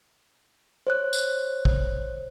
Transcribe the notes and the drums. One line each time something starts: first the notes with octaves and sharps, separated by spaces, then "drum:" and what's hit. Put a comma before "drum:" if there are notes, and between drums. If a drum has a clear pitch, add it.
C5 C#5 F#6
drum: tambourine
drum: kick